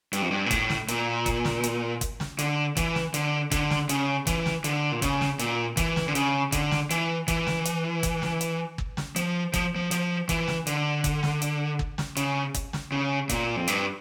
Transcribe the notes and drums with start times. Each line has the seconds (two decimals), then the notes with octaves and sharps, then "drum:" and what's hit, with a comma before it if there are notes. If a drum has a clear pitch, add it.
0.13 G2, drum: hi-hat
0.22 F2
0.31 G2
0.46 A#2
0.51 A2, drum: kick, hi-hat
0.69 drum: snare
0.88 A#2, drum: hi-hat
1.26 drum: kick, hi-hat
1.45 drum: snare
1.63 drum: hi-hat
2.01 drum: kick, hi-hat
2.20 drum: snare
2.39 D3, drum: hi-hat
2.77 E3, drum: kick, hi-hat
2.95 drum: snare
3.14 D3, drum: hi-hat
3.51 D3, drum: kick, hi-hat
3.70 drum: snare
3.89 C#3, drum: hi-hat
4.27 E3, drum: kick, hi-hat
4.46 drum: snare
4.64 D3, drum: hi-hat
4.92 A#2
5.02 C#3, drum: kick, hi-hat
5.21 drum: snare
5.39 A#2, drum: hi-hat
5.77 E3, drum: kick, hi-hat
5.96 drum: snare
6.08 D3
6.15 C#3, drum: hi-hat
6.52 D3, drum: kick, hi-hat
6.71 drum: snare
6.90 E3, drum: hi-hat
7.28 E3, drum: kick, hi-hat
7.47 drum: snare
7.65 drum: hi-hat
8.03 drum: kick, hi-hat
8.22 drum: snare
8.41 drum: hi-hat
8.78 drum: kick
8.97 drum: snare
9.16 F3, drum: hi-hat
9.53 F3, drum: kick, hi-hat
9.76 F3
9.91 F3, drum: hi-hat
10.29 E3, drum: kick, hi-hat
10.48 drum: snare
10.67 D3, drum: hi-hat
11.04 drum: kick, hi-hat
11.23 drum: snare
11.42 drum: hi-hat
11.79 drum: kick
11.98 drum: snare
12.17 C#3, drum: hi-hat
12.54 drum: kick, hi-hat
12.73 drum: snare
12.92 C#3
13.29 A#2, drum: kick, hi-hat
13.56 F2
13.68 G2, drum: hi-hat